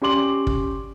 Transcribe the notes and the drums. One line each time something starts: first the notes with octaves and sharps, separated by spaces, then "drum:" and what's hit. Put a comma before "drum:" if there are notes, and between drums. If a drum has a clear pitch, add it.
C#4 G4 D5 C6 D6 F#7
drum: kick